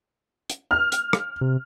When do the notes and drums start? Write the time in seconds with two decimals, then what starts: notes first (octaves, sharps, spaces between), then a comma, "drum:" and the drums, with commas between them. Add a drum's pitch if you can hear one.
0.50 drum: hi-hat
0.71 F6
0.92 drum: hi-hat
1.13 drum: rim click
1.41 C3